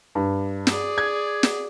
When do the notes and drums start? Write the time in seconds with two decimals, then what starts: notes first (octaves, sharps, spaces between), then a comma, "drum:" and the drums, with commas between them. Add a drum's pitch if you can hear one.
0.15 G2
0.67 G#4 D5, drum: snare
0.98 G#6
1.43 drum: snare